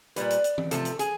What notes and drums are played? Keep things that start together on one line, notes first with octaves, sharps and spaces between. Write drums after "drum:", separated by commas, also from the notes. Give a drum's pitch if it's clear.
A#2 G3 B4, drum: hi-hat
drum: hi-hat
drum: hi-hat
drum: tom E3
C3 F3 A3 A4, drum: hi-hat
drum: hi-hat
G#4, drum: hi-hat